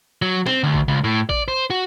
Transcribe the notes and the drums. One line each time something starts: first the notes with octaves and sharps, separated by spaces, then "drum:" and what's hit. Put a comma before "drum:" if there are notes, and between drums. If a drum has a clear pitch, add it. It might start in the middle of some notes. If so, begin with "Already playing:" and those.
F#3
C4, drum: snare
D2
drum: kick A1
C#2
A2
D5, drum: kick A1
C5
F#4